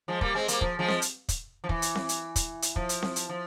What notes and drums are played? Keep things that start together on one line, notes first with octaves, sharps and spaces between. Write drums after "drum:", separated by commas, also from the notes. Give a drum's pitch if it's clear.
F3 G#3
G3 A#3, drum: kick
G#3 C4
G3 A#3, drum: hi-hat
F3, drum: kick
F3 G#3
drum: snare C4
drum: hi-hat
drum: kick, hi-hat
F3
E3, drum: kick
drum: hi-hat
drum: snare C4
drum: hi-hat
drum: kick, hi-hat
drum: hi-hat
F3, drum: kick
drum: hi-hat
drum: snare C4
drum: hi-hat
F3